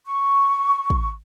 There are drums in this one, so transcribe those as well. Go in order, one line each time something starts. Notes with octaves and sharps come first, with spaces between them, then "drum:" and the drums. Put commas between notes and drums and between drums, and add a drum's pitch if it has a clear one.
C#6
drum: kick